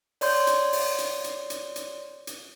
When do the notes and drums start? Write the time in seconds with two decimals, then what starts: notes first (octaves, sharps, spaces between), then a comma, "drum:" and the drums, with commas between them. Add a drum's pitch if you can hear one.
0.21 C#5 D5 C6 G6, drum: open hi-hat
0.47 drum: hi-hat
0.73 drum: open hi-hat
0.98 drum: hi-hat
1.24 drum: hi-hat
1.50 drum: hi-hat
1.76 drum: hi-hat
2.27 drum: hi-hat